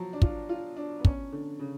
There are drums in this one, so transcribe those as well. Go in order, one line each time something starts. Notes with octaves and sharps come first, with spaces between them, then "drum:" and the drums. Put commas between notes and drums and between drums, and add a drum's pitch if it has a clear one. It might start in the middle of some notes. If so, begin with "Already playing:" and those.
Already playing: F3 F#3
D4
F4, drum: kick
F4
D4
B3
C#4, drum: kick
D3
C#3